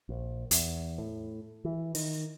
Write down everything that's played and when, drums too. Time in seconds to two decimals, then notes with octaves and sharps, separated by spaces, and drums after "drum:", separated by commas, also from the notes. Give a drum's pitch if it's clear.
0.09 A#1
0.51 E2, drum: hi-hat
0.98 A2
1.65 E3
1.95 D#3, drum: open hi-hat